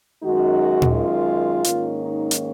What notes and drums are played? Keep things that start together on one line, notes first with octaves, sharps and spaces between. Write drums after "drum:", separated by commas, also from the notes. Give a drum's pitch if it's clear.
F#2 D#3 G#3 D#4 F#4
drum: tom A#2
F4
G#2 D#3 A#3 C#4, drum: hi-hat
D#4
drum: hi-hat